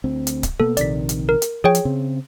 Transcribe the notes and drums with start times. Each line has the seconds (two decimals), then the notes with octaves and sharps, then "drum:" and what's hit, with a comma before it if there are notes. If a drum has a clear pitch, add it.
0.04 D2 C4
0.27 drum: hi-hat
0.43 drum: kick C#1, hi-hat
0.60 B2 A#3 B3 A4
0.77 A#1 C3 D#3 D5 B6, drum: hi-hat
1.09 drum: hi-hat
1.29 A#4
1.42 drum: hi-hat
1.64 F3 G#4 C#5 G5
1.75 drum: hi-hat
1.85 C#3 C4